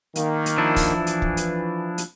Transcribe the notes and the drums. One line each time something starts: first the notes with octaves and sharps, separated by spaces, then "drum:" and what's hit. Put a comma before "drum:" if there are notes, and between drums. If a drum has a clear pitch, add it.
D#3 A#3, drum: hi-hat
drum: hi-hat
F3 D4 E4
drum: kick, open hi-hat
E3
drum: hi-hat
drum: kick
drum: hi-hat
drum: hi-hat